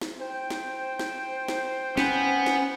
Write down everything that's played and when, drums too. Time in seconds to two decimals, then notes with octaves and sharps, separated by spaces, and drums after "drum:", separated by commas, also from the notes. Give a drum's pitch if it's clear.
0.01 drum: snare
0.21 C5 G5
0.50 drum: snare
0.99 drum: snare
1.48 drum: snare
1.97 B3 C#4, drum: snare
2.46 drum: snare